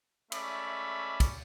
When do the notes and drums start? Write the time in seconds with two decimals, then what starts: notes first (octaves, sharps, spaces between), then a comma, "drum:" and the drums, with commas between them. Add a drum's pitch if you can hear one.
0.32 G#3 A3 C#4 D5 E5 B5, drum: cymbal
1.20 drum: kick, cymbal